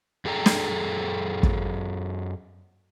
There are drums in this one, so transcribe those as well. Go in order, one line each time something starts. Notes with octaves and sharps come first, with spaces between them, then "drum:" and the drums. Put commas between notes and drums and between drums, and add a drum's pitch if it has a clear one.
F#2 G#4 A4 G5 A#5
drum: snare
drum: kick